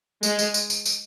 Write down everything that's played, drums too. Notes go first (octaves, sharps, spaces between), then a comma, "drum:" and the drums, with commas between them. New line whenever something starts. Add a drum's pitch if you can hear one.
G#3, drum: tambourine
drum: tambourine
drum: tambourine
drum: tambourine
drum: tambourine